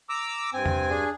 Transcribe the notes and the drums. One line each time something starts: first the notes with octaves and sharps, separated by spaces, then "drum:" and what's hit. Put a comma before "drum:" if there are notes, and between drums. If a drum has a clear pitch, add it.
A#5 D6 E6
G2 C4 G#5
drum: tom E2
D4 G#4